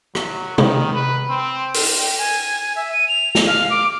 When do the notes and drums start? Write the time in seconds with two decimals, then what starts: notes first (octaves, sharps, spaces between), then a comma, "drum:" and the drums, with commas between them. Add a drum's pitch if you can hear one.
0.15 F#3, drum: rim click
0.58 D#3, drum: tom
0.94 B4
1.30 C4
1.74 drum: open hi-hat
1.98 G5
2.18 G#5
2.76 E5
2.92 D#7
3.08 F7
3.35 drum: snare
3.47 F5
3.70 D6